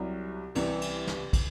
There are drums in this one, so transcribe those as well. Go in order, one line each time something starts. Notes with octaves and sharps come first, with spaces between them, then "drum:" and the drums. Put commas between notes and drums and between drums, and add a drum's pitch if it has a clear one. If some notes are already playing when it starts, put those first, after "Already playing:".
Already playing: C2 C3 F#3
C2 C3 E3, drum: cymbal
drum: cymbal
drum: snare
drum: kick, cymbal